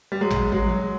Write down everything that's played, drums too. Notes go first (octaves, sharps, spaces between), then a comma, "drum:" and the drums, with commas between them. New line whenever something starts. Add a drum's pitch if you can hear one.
G3
F#3 G#3
drum: tom
F#3 G#3
F#3